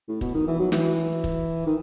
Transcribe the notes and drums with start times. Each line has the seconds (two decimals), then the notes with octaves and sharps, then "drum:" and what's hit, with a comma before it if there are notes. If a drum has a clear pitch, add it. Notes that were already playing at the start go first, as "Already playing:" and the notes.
0.08 A2
0.21 B2, drum: kick
0.34 D#3
0.47 E3
0.59 F#3
0.72 E3, drum: snare
1.24 drum: kick
1.66 D#3